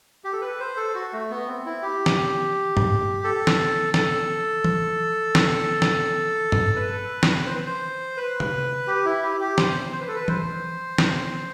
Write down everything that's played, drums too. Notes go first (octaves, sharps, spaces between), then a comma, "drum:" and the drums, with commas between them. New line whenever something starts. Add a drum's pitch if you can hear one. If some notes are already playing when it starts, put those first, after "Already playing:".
G4
A4
B4
C5
A4
F#4
A3
B3
C4
E4
G4
drum: snare
drum: tom G2
A4
drum: snare
A4, drum: snare
drum: tom E3
drum: snare
drum: snare
drum: tom G2
B4
drum: snare
C5
C5
B4
drum: tom
G4
E4
G4
G4
C5, drum: snare
C5
B4
A4
B4
C5, drum: tom E3
drum: snare